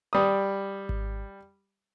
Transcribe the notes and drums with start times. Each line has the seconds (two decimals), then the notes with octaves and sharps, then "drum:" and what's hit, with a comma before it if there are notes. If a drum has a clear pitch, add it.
0.13 G3 D#6
0.89 drum: kick G#1